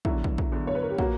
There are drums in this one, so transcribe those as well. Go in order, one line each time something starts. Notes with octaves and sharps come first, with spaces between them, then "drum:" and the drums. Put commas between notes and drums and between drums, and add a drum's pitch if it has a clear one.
E2 D3 F#3 E4, drum: kick
drum: kick
drum: kick
E2 D3 F#3
C#5
B4
A#4
G4
A#2 A#3 F#4, drum: kick